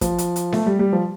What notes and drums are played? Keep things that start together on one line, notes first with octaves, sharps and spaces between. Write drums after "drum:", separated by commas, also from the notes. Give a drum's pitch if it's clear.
F3, drum: kick, hi-hat
drum: hi-hat
drum: hi-hat
A3, drum: snare B3
G3
G3
F3